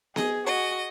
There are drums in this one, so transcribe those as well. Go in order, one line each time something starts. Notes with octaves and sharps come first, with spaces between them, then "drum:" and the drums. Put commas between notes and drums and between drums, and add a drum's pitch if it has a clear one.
G#4 D#5, drum: snare B3
F#4 D#5